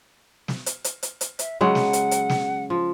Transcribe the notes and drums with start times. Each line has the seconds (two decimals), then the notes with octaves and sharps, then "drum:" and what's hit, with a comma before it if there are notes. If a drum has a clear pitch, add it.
0.48 drum: snare
0.66 drum: hi-hat
0.84 drum: hi-hat
1.03 drum: hi-hat
1.21 drum: hi-hat
1.39 E5, drum: hi-hat
1.61 C#3 F#3 G#3 F#5
1.75 drum: snare
1.93 drum: hi-hat
2.11 drum: hi-hat
2.29 drum: snare
2.70 F3